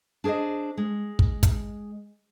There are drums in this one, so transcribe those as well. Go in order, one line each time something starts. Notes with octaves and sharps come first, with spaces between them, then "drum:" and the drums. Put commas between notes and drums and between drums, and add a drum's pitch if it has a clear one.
D4 G#4 B4 C5 D#5
G#3
drum: kick
drum: kick, hi-hat